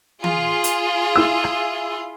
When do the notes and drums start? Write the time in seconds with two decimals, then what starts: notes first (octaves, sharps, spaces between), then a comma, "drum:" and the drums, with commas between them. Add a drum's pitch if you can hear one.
0.24 F4 G#4 C6, drum: tom E3
0.64 drum: hi-hat
1.16 E4 E6
1.44 drum: rim click